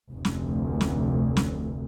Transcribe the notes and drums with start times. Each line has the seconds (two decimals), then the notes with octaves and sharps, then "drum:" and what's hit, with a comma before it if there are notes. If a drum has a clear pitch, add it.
0.11 F1 D2
0.25 drum: snare
0.81 drum: snare
1.37 drum: snare